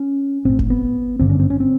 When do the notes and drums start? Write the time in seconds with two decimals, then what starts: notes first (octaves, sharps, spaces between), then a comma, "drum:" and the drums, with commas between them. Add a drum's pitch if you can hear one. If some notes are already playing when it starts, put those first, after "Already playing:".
Already playing: C#4
0.45 A1 A2 C4
0.59 drum: kick F#1
0.70 B3
1.19 G#1 G2 D3 C4
1.30 C#4
1.40 C4
1.50 C#4
1.60 C4